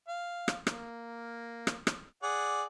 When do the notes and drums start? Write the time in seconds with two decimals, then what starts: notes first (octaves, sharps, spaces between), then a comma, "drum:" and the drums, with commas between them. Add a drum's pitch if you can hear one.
0.08 F5
0.48 drum: rim click
0.67 A#3, drum: rim click
1.67 drum: rim click
1.87 drum: rim click
2.23 G#4 D5 F#5